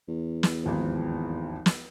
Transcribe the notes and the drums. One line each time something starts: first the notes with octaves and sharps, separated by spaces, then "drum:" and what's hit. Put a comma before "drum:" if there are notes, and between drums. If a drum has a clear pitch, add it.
E2
drum: snare
G#1 D#2 F3
drum: snare